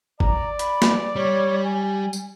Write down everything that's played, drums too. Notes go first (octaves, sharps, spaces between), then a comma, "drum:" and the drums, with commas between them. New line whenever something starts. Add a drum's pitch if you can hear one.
D5 A#5, drum: kick
B5, drum: hi-hat
drum: snare
G3 C#5
G#5
drum: tambourine